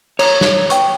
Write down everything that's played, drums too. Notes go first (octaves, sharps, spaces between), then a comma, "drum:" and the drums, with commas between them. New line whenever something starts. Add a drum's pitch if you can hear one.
C#5 A#5, drum: cymbal
drum: snare
G5 C#6, drum: hi-hat